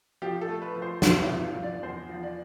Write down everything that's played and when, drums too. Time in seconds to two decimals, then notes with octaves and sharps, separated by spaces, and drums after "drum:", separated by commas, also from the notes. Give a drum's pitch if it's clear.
0.22 F3 G4
0.41 A4
0.48 A3
0.62 B4
0.76 F3
0.82 C5
1.02 C3, drum: snare
1.23 E5
1.29 F3
1.43 F5
1.56 F3
1.63 D5
1.82 E2 C5
2.09 F3
2.23 D5